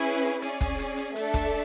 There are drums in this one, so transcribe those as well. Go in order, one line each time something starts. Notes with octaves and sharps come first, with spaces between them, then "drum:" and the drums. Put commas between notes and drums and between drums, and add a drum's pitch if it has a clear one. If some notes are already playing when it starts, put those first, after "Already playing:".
Already playing: C#4 E4 G#4 B4
C#4 G#4 D5, drum: hi-hat
drum: kick, hi-hat
drum: hi-hat
drum: hi-hat
A3 D4 A4 E5, drum: hi-hat
drum: kick, hi-hat